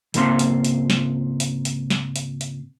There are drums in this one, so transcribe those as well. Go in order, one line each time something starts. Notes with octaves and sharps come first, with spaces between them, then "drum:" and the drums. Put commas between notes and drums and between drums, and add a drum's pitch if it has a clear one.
C#2 G#2 A#3 C4 B5 C6, drum: hi-hat
drum: hi-hat
drum: hi-hat
drum: snare
drum: hi-hat
drum: hi-hat
drum: snare
drum: hi-hat
drum: hi-hat